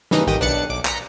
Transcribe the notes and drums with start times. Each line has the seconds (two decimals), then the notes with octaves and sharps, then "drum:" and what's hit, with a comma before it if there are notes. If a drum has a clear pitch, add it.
0.11 G2 C#3 E3 A#3 D#4, drum: snare
0.27 A1 D#3 G4 D#5 D#6
0.40 B1 D4 B4 F#6 A6 C#7
0.70 B1 D6
0.85 A#5 G6 A#6 B6 C#7, drum: clap